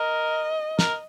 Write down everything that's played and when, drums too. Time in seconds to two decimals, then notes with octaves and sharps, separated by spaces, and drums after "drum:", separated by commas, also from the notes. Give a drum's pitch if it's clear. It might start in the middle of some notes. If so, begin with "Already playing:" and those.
Already playing: A#4 D#5
0.79 A#4, drum: snare